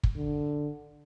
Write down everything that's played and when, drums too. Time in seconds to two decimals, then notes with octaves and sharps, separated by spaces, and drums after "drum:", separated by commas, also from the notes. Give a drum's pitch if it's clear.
0.03 drum: kick
0.16 D3